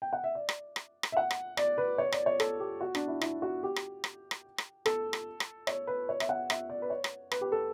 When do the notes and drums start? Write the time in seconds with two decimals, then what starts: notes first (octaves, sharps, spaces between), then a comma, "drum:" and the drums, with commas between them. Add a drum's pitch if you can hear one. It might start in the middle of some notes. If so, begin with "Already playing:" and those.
0.02 G5
0.13 F#5
0.24 E5
0.35 D5
0.49 drum: rim click
0.76 drum: rim click
1.03 drum: rim click
1.12 E5
1.17 F#5
1.31 drum: rim click
1.57 D5, drum: rim click
1.78 B4
1.98 C#5
2.12 D5, drum: rim click
2.26 C#5
2.40 A4, drum: rim click
2.60 G4
2.81 F#4
2.95 D4, drum: rim click
3.07 E4
3.21 E4, drum: rim click
3.42 F#4
3.63 G4
3.76 drum: rim click
4.04 drum: rim click
4.31 drum: rim click
4.58 drum: rim click
4.86 A4, drum: rim click
5.13 drum: rim click
5.40 drum: rim click
5.67 C#5, drum: rim click
5.87 B4
6.09 C#5
6.20 E5, drum: rim click
6.29 F#5
6.50 E5, drum: rim click
6.70 D5
6.82 B4
6.90 C#5
7.04 drum: rim click
7.31 B4, drum: rim click
7.41 G4
7.52 A4